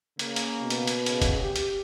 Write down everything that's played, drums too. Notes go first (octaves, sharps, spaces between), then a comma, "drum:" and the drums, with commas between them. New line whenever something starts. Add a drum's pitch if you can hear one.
C#3 A#3, drum: hi-hat
drum: hi-hat
B2
drum: hi-hat
drum: hi-hat
C#3, drum: hi-hat
drum: kick F1, hi-hat
G4
drum: hi-hat